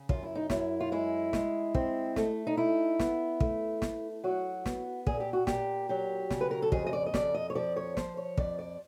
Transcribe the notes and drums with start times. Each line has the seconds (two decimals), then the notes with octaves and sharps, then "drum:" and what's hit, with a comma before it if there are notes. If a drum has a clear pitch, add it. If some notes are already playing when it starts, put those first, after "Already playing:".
Already playing: C#3
0.09 F#2 F4, drum: kick
0.23 E4
0.35 D#4
0.50 F#2 E4, drum: snare
0.80 F4
0.92 G#3 E4
1.33 G#3, drum: snare
1.75 C4, drum: kick
2.16 A3, drum: snare
2.47 D#4
2.57 D#4 E4
3.00 B3, drum: snare
3.40 A3, drum: kick
3.82 A3, drum: snare
4.24 F#3 F#4
4.66 B3, drum: snare
5.07 A#2 G#4, drum: kick
5.20 G4
5.33 F#4
5.47 A#2 G4, drum: snare
5.89 F#3 G4
6.30 C#3, drum: snare
6.41 B4
6.51 A#4
6.62 A4
6.72 F2 G#4, drum: kick
6.87 D#5
6.93 D5
7.06 D#5
7.14 F2 D5, drum: snare
7.34 D#5
7.50 C#5
7.55 F3 D5
7.76 C#5
7.97 F3 C5, drum: snare
8.17 C#5
8.38 F2 D5, drum: kick
8.59 D5